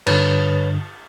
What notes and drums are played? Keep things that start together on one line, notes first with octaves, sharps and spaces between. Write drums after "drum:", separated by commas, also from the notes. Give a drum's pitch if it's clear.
G2 D3 B4 C#5, drum: cymbal